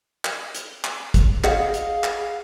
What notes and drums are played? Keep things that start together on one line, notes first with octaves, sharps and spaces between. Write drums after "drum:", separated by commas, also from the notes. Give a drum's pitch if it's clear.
drum: clap
drum: hi-hat
drum: clap
drum: kick, hi-hat
G#4 D#5 F5 F#5, drum: clap
drum: hi-hat
drum: clap